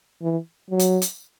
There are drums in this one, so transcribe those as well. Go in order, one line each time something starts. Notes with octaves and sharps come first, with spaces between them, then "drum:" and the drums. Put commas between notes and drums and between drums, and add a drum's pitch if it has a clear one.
E3
F#3
drum: hi-hat
drum: hi-hat